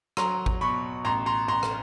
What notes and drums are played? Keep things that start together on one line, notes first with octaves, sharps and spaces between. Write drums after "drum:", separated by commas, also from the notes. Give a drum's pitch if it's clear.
F#3 A#5 C6, drum: rim click
drum: kick
B2 B5 C#6
A1 A#5 C6
A#5 C6
A1 A#5 C6
drum: rim click